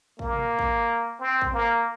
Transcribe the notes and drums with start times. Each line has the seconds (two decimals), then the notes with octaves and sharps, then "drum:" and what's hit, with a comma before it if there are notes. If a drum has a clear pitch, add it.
0.19 A#3, drum: kick
0.33 drum: tom
0.59 drum: kick
1.20 C4
1.42 drum: kick
1.53 A#3